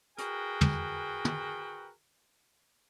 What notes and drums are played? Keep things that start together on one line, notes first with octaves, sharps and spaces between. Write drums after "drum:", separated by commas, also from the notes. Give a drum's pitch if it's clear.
F#4 G#4 A#4 B4 G5, drum: hi-hat
drum: tom
drum: tom